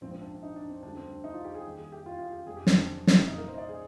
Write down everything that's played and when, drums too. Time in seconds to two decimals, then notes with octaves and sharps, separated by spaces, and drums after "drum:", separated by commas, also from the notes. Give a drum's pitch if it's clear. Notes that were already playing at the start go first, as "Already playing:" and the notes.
0.01 A#1 G#2 F3 C4
0.11 C4
0.22 D4
0.32 D4
0.43 D#4
0.56 D4
0.70 C4
0.83 D2 D3 G3 D4
0.97 C4
1.10 D4
1.24 D#4
1.34 F4
1.45 G4
1.54 G#4
1.65 D#2 D#3 G3
1.78 G#4
1.92 G4
2.06 F4
2.19 F4
2.32 G4
2.46 F1 F2 D#3 G#4
2.57 G4
2.67 C4, drum: snare
2.77 D4
3.07 drum: snare
3.27 C2 A#2 G3 D#4
3.38 A#4
3.48 C5
3.54 D#5
3.58 D5
3.68 G#4